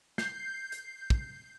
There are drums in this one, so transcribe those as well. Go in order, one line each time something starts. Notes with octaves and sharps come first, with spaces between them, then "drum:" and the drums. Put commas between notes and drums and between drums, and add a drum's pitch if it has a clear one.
G6 C7, drum: snare
drum: hi-hat
drum: kick